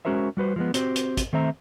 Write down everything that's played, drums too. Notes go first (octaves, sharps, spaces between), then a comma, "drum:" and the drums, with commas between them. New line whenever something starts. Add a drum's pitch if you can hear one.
G#3 C#4 F#4 A#4 C5 E5
G3 F#4 B4 C5
F3 G#3 B3
C4 F#4 G4 C5, drum: hi-hat
drum: hi-hat
drum: kick, hi-hat
D#3 A3 C4 C5 E5 A#5